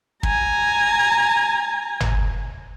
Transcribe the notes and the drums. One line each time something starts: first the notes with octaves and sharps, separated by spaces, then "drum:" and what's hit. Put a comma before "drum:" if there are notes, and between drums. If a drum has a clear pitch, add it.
G#5 A#5, drum: kick
drum: tom